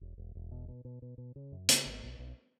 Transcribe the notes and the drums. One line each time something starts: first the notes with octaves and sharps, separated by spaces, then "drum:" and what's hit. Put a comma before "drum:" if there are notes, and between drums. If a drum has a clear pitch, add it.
E1
E1
E1
B2
B2
B2
B2
B2
C#3
F#2
C#3, drum: hi-hat
G#1
B1
B1